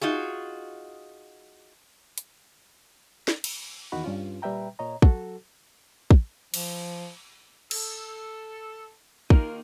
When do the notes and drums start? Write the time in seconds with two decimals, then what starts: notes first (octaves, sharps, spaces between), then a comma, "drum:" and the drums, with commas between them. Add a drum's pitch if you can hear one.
0.01 D#4 F4 F#4 G#4
2.18 drum: hi-hat
3.28 drum: snare
3.44 drum: cymbal
3.92 E2 D#3 D#4 F#4 B5
4.04 G2 C#4 F4
4.42 A#2 G3 B4 E5 G5 A#5
4.79 A#2 C#5 D#5 A#5
5.02 F#3 F#4 A4, drum: kick
6.11 drum: kick
6.54 F3, drum: cymbal
7.71 A4, drum: cymbal
9.30 D#3 A#3 D#4 F4 A#4, drum: kick